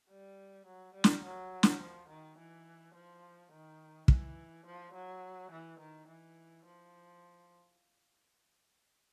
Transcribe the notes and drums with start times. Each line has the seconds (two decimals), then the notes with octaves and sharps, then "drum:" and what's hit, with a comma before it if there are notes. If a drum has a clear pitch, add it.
0.10 G3
0.66 F#3
0.95 G3
1.04 drum: snare
1.24 F#3
1.63 drum: snare
1.81 F3
2.09 D#3
2.38 E3
2.94 F3
3.52 D#3
4.08 E3, drum: kick
4.66 F3
4.94 F#3
5.51 E3
5.80 D#3
6.08 E3
6.66 F3